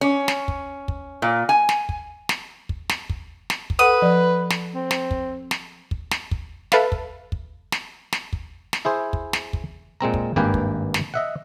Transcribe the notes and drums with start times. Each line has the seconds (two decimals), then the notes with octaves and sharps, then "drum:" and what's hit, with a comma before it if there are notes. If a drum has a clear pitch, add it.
0.01 C#4
0.28 drum: snare
0.48 drum: kick
0.88 drum: kick
1.22 A#2
1.49 G#5
1.69 drum: snare
1.89 drum: kick
2.29 drum: snare
2.69 drum: kick
2.89 drum: snare
3.10 drum: kick
3.50 drum: snare
3.70 drum: kick
3.79 A4 B4 F#5 D#6
4.02 F3 D5
4.50 drum: snare
4.75 C4
4.91 drum: snare
5.11 drum: kick
5.51 drum: snare
5.91 drum: kick
6.11 drum: snare
6.31 drum: kick
6.72 A4 B4 E5 F5 A5, drum: snare
6.92 drum: kick
7.32 drum: kick
7.72 drum: snare
8.12 drum: snare
8.33 drum: kick
8.73 drum: snare
8.85 E4 G#4 C5
9.13 drum: kick
9.33 drum: snare
9.53 drum: kick
10.01 A#2 G#3 C4 A#5
10.14 drum: kick
10.36 G#1 G2 A#3 B4 G5 G#5
10.54 drum: kick
10.94 drum: snare
11.14 D#5 E5 F#5